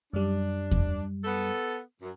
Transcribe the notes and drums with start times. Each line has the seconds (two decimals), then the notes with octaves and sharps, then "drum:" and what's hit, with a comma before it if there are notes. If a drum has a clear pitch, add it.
0.13 F#2 G3 D4
0.71 drum: kick E2
1.24 B3 A4
2.02 F#2